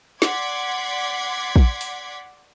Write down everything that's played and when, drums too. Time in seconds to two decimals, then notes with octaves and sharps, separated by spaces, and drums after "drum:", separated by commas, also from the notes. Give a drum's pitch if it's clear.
0.22 D5 F#5 C6 D6 G#6 B6, drum: snare
1.56 drum: kick
1.81 drum: open hi-hat